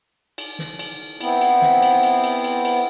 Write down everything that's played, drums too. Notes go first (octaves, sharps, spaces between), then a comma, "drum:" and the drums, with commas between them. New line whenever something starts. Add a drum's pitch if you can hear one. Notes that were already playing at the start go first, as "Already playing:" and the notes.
drum: cymbal
drum: snare
drum: cymbal
B3 C4 E4, drum: cymbal
drum: cymbal
drum: snare
drum: cymbal
drum: cymbal
drum: cymbal
drum: cymbal
drum: cymbal